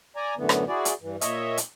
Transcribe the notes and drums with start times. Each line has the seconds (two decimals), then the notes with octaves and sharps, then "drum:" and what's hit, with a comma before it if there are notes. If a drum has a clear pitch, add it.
0.16 D5 G#5 A#5
0.37 F#2 A2 D3 E3 B3
0.49 drum: rim click
0.68 E4 F#4 G#4 D5
0.85 drum: hi-hat
1.01 G2 E3
1.21 A#2 C#5 D#5 E5, drum: hi-hat
1.57 drum: hi-hat